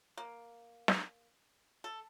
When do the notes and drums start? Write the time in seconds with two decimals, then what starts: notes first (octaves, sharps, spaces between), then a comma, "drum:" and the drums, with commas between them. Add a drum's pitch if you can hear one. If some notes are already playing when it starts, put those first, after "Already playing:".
0.17 A#3
0.88 drum: snare
1.84 A4